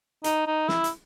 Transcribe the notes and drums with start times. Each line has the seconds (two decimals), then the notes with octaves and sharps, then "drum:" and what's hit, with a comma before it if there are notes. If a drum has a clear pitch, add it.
0.24 D#4, drum: hi-hat
0.47 D#4
0.68 E4, drum: snare
0.84 drum: hi-hat